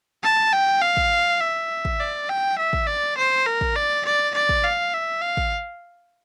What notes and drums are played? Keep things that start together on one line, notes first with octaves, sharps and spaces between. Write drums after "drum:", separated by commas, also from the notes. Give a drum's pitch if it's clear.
A5
G5
F5
drum: kick
E5
drum: kick
D5
G5
E5
drum: kick
D5
C5
A#4
drum: kick
D5
D5
D5
drum: kick
F5
E5
F5
drum: kick